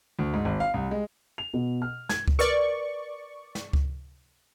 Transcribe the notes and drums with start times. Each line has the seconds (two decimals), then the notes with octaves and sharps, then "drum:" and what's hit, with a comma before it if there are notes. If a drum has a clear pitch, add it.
0.19 D2
0.34 G#2
0.45 G#1
0.60 F5
0.74 C2
0.91 G#3
1.38 F7
1.54 B2
1.82 F6
2.09 G#6, drum: snare
2.28 drum: kick C#2
2.39 A#4 B4 D5 C#6
3.55 drum: snare
3.73 drum: kick C#2